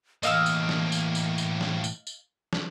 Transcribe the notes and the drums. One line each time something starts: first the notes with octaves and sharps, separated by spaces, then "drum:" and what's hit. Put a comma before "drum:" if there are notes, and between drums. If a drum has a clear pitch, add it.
A2 E3 A#3 D#5 F5 E6, drum: tambourine
drum: tambourine
drum: snare
drum: tambourine
drum: tambourine
drum: tambourine
drum: snare
drum: tambourine
drum: tambourine
drum: snare